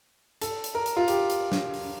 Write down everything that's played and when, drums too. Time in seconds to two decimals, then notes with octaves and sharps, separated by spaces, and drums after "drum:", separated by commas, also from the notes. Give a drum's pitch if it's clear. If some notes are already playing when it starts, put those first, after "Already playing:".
0.42 A4, drum: hi-hat
0.64 drum: hi-hat
0.75 A#4
0.86 drum: hi-hat
0.97 F4
1.08 G4, drum: hi-hat
1.30 drum: hi-hat
1.52 drum: snare
1.74 drum: open hi-hat